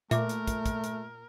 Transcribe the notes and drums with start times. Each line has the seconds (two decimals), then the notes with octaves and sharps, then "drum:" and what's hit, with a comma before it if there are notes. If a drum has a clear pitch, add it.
0.11 A#2 A3 A#4 E5 D6, drum: hi-hat
0.29 drum: hi-hat
0.47 drum: kick, hi-hat
0.66 drum: kick, hi-hat
0.84 drum: hi-hat